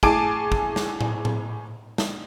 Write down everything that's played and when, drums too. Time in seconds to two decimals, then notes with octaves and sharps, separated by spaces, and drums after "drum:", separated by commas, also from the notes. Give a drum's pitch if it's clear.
0.03 A2 G#4 G#5 A5 D6 D7, drum: kick
0.52 drum: kick
0.76 drum: snare
1.01 drum: tom A2
1.25 drum: tom A2
1.98 drum: snare